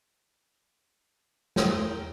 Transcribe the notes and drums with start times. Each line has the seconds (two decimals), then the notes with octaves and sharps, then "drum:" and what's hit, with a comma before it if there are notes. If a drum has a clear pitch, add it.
1.56 F#2, drum: snare
1.76 E2 A#4 G5